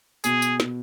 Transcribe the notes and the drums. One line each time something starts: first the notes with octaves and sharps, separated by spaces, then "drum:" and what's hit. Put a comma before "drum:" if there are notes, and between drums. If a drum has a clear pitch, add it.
B2 G#4, drum: tambourine
drum: tambourine
B2, drum: snare